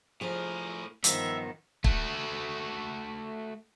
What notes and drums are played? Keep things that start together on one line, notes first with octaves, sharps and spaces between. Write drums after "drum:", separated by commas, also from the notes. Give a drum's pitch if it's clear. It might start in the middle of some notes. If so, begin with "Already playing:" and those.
A2 F3 G#4 A#4
G2 D#3 F3 B3 E5, drum: hi-hat
A3 F#4, drum: kick